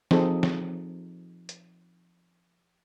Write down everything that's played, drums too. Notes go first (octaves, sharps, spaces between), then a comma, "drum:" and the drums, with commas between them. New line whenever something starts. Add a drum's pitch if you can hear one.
F3 C4 D#4 G#4 A4, drum: snare
drum: snare
drum: hi-hat